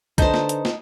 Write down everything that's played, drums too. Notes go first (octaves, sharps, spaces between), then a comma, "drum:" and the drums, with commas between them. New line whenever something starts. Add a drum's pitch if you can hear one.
D3 D#4 B4 C5 A5 A#5, drum: kick B1, hi-hat
drum: snare
drum: hi-hat
drum: snare